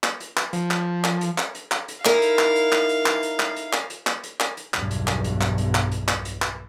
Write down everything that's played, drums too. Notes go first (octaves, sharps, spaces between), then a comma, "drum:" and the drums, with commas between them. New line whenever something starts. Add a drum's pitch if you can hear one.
drum: clap
drum: hi-hat
drum: clap
F3, drum: hi-hat
drum: clap
drum: clap
drum: hi-hat
drum: clap
drum: hi-hat
drum: clap
drum: hi-hat
D#4 E4 A#4 F5, drum: clap
drum: hi-hat
drum: clap
drum: hi-hat
drum: clap
drum: hi-hat
drum: clap
drum: hi-hat
drum: clap
drum: hi-hat
drum: clap
drum: hi-hat
drum: clap
drum: hi-hat
drum: clap
drum: hi-hat
B1 E2 G2 B2, drum: clap
drum: hi-hat
drum: clap
drum: hi-hat
drum: clap
drum: hi-hat
drum: clap
drum: hi-hat
drum: clap
drum: hi-hat
drum: clap